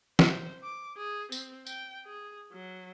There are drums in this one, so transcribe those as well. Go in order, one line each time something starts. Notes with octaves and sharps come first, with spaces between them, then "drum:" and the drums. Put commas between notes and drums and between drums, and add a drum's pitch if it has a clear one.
C5, drum: snare
D6
G#4
C4, drum: tambourine
G5, drum: tambourine
G#4
F#3